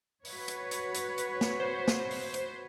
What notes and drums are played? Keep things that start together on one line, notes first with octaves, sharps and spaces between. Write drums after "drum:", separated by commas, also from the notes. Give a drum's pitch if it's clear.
F#4 B4 C#5, drum: open hi-hat
drum: hi-hat
drum: hi-hat
drum: hi-hat
drum: hi-hat
drum: snare
C5
drum: snare
drum: open hi-hat
drum: hi-hat